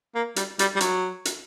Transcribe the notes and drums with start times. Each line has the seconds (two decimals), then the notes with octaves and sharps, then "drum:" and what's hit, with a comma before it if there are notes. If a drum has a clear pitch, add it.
0.15 A#3
0.36 G3, drum: hi-hat
0.59 G3, drum: hi-hat
0.76 G3
0.80 F#3, drum: hi-hat
1.25 drum: hi-hat